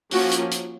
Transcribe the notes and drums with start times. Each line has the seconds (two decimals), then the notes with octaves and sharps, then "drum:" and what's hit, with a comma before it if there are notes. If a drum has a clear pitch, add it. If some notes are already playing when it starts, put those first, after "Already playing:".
0.11 F3 A#3 C#4 F#4, drum: open hi-hat
0.31 drum: hi-hat
0.51 drum: hi-hat